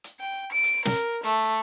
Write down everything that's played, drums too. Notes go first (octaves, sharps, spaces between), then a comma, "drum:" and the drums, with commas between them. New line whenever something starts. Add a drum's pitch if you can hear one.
drum: hi-hat
G5
D7
drum: hi-hat
A#4, drum: snare
A3, drum: hi-hat
drum: hi-hat